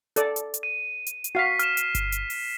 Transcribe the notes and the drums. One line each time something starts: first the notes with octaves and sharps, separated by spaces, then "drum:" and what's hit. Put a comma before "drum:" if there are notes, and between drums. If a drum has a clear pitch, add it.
A4 D5, drum: hi-hat
drum: hi-hat
drum: hi-hat
D#7
drum: hi-hat
drum: hi-hat
F#4 F5 B6 C7
F6 E7, drum: hi-hat
drum: hi-hat
drum: kick G1, hi-hat
drum: hi-hat
drum: open hi-hat